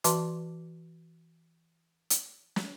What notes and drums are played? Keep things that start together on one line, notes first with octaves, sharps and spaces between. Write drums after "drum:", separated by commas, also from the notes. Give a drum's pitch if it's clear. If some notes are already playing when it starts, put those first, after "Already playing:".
E3 F#4 B4 E5 A5 C6, drum: hi-hat
drum: hi-hat
drum: snare